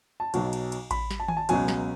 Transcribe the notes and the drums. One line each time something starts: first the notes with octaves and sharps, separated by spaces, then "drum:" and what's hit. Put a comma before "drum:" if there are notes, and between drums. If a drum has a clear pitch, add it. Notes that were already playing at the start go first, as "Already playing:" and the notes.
A5
B1 B2 F#3, drum: cymbal
drum: cymbal
drum: cymbal
B5, drum: kick A1, cymbal
drum: snare
A5
G#5, drum: tom D#3
A5
C#2 B2 F#3 G#5, drum: cymbal
drum: snare